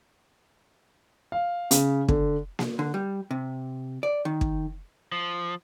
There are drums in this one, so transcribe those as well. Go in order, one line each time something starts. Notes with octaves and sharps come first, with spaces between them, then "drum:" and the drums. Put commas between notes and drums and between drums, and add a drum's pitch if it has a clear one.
F5
C#3, drum: hi-hat
D3, drum: kick
drum: snare A#3
D3
G3
C3
D5
D#3
drum: kick
F3